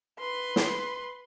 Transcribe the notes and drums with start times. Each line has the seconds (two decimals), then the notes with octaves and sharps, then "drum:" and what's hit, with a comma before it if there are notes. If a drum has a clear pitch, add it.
0.20 B4 C6
0.56 drum: snare